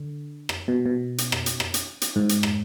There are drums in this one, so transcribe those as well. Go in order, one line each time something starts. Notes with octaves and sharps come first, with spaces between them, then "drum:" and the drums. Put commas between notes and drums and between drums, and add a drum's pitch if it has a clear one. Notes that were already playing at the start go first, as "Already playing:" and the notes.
Already playing: D3
drum: rim click
B2
B2
drum: hi-hat
drum: rim click
drum: hi-hat
drum: rim click
drum: hi-hat
drum: hi-hat
G#2
drum: hi-hat
drum: rim click